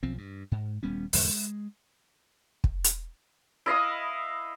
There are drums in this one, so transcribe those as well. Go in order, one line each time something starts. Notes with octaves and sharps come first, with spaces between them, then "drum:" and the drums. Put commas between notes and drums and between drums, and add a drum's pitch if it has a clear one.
B1 F3 C4
G2
G#2
D#1 G3 B3 C#4
F1 E2 G#2 D3, drum: open hi-hat
G#3
drum: kick
drum: hi-hat
E4 D#5 F5 D#6